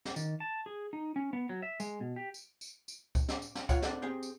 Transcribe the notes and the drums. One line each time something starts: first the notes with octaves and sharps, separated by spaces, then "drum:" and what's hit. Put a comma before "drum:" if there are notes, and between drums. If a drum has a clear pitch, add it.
drum: snare
D#3, drum: tambourine
A5
G#4
D#4
C#4
B3
F#3
E5
G#3, drum: tambourine
B2
G4
drum: tambourine
drum: tambourine
drum: tambourine
drum: kick, tambourine
drum: snare
drum: tambourine
drum: snare
B1 F4 C#5 F#5, drum: kick, tambourine
A2 C4 D#4 A4 D5 F#5, drum: snare
C4 G4 G#4 G5
drum: tambourine